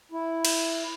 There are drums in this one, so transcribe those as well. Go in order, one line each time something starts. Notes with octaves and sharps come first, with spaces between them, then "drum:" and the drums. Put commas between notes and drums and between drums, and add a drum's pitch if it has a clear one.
E4
drum: cymbal